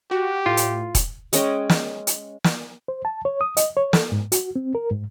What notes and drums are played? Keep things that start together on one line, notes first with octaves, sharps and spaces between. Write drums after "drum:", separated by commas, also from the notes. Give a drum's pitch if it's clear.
F#4 G4
A2 F4
drum: hi-hat
drum: kick E1, hi-hat
G#3 C#4 D#5 G5, drum: hi-hat
drum: snare
drum: hi-hat
drum: snare
C5
A5
C#5
D#6
D#5, drum: hi-hat
C#5
A4, drum: snare
G#2
F#4, drum: hi-hat
C4
A#4
G#2